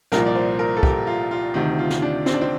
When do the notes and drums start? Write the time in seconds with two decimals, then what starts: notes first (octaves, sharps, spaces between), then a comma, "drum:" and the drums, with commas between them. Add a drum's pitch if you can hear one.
0.12 C2 A#2 F3 A#4, drum: snare
0.26 D5
0.35 C5
0.59 A#4
0.77 A4
0.83 G4, drum: kick
1.07 F4
1.31 F4
1.54 D2 C3 D#3
1.79 F4
1.90 drum: snare
2.02 D4
2.26 C4, drum: snare
2.33 D4
2.41 C4